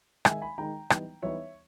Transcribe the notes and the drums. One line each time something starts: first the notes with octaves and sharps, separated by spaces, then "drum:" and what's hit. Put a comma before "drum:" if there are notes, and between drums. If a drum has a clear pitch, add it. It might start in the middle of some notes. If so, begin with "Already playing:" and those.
D#3 G#3 D#4 E5 G#5, drum: rim click
G#5 B5
D#3 G#3 D#4 G5 A#5
E3 G3 B3 D#4, drum: rim click
E3 G3 B3 D#4 C#5 E5